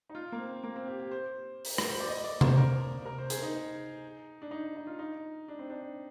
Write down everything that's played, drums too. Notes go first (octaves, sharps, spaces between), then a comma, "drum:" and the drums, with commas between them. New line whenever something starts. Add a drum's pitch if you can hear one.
D#4
F4
A#3
C4
A#3
C4
G4
G4
C5
drum: open hi-hat
drum: rim click
C5
D5
D#5
D5
C5, drum: tom C3
A#4
A#4
C5
G#4, drum: hi-hat
D#4
D4
D#4
D#4
F4
D#4
D4
C4
D4